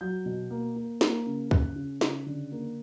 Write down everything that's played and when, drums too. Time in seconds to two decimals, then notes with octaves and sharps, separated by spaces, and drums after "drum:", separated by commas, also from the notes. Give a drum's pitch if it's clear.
0.01 F#3 G6
0.26 B2
0.50 A#3
0.76 A#3
1.01 A#3, drum: snare
1.26 C#3
1.51 C#3 F#6, drum: kick
1.76 C#3
2.01 C#3, drum: snare
2.26 D3
2.52 A#3